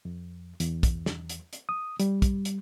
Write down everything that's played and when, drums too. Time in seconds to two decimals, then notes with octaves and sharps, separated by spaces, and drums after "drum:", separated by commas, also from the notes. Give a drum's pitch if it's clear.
0.05 F2
0.60 E2, drum: hi-hat
0.83 drum: kick, hi-hat
1.06 drum: snare
1.29 drum: hi-hat
1.53 drum: hi-hat
1.69 D#6
2.00 G3, drum: hi-hat
2.22 drum: kick, hi-hat
2.45 drum: hi-hat